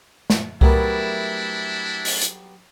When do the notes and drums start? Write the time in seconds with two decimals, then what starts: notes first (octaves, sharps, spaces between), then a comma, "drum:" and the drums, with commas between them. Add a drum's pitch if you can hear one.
0.30 drum: snare
0.61 F#3 G3 A3 B3 D4 E4 A#4, drum: kick C2
2.05 drum: open hi-hat
2.21 drum: hi-hat